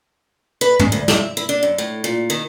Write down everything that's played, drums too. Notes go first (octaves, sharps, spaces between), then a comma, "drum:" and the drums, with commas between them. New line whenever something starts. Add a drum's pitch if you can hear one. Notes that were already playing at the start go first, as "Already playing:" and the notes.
B4
G#3, drum: tom
D2
E5, drum: snare
E4
D4
F#2
A2
A#2
D#3